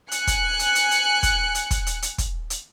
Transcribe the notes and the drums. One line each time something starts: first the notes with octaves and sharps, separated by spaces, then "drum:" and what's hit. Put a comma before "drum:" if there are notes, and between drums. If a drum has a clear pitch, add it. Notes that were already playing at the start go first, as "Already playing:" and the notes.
G#5 F#6 C#7, drum: hi-hat
drum: kick, hi-hat
drum: hi-hat
drum: hi-hat
drum: hi-hat
drum: kick, hi-hat
drum: hi-hat
drum: kick, hi-hat
drum: hi-hat
drum: hi-hat
drum: kick, hi-hat
drum: hi-hat